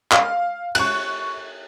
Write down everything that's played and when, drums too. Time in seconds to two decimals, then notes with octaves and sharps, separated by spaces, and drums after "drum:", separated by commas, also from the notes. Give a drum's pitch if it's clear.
0.12 F5, drum: clap
0.75 C#6 F#6, drum: cymbal